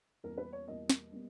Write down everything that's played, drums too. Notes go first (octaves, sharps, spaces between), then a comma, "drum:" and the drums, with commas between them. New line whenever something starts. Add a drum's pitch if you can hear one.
E2 B2 G3 A#3 A#4
B4
C#5
E2 B2 G3 A#3 D#5
drum: snare
B2 G3 A#3